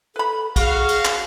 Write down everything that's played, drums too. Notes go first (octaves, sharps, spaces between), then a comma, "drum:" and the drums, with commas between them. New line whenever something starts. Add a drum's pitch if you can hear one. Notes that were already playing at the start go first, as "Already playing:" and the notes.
A4 B4 B5
F#4 G#4 F5, drum: kick, cymbal
drum: cymbal
drum: clap